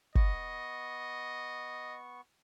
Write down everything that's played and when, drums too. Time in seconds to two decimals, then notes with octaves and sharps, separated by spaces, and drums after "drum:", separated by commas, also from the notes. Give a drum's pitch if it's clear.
0.15 B3 D#5 C#6, drum: kick